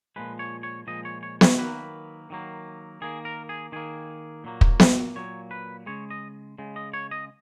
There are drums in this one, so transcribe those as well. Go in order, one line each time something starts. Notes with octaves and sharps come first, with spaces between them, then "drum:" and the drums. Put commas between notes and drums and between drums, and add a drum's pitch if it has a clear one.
A#2 F3 G#3 B4
C#5
C#5
A#2 F3 G#3 D#5
C#5
C#5
C#5, drum: snare B3
D#3 F#3 A#3 B4
D#3 F#3 A#3
D#3 A#3 G#4
A#4
G#4
D#3 A#3 G#4
A#2 F#3 A#3
drum: kick
drum: snare B3
A#2 F#3 A#3 C#5
B4
C#3 G#3 C#5
D#5
C#3 G#3
D#5
C#5
D#5